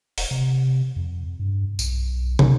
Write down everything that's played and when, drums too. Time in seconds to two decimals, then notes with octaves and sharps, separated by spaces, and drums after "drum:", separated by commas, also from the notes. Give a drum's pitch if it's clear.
0.18 E1, drum: open hi-hat
0.31 C3
0.96 F2
1.39 G2
1.79 B1, drum: tambourine
2.39 A#1, drum: tom